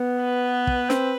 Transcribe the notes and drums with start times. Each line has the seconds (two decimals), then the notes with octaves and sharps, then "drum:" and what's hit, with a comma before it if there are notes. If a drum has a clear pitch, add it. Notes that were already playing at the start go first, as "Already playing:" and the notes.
Already playing: B3
0.21 B4
0.67 drum: kick
0.90 C4, drum: snare